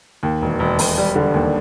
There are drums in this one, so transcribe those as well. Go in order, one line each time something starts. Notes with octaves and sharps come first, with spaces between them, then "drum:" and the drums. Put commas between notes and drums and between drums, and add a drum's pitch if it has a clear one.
D#2
E1
E1
E1, drum: open hi-hat
G3
D3
D#2